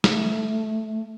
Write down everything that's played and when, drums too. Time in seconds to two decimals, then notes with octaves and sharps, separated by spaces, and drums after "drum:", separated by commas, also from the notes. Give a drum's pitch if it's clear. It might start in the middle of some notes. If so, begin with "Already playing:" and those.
0.04 A3, drum: snare